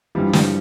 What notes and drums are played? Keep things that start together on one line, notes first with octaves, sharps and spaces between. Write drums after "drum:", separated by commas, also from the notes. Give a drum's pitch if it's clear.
G2 E3 F3 G3
drum: snare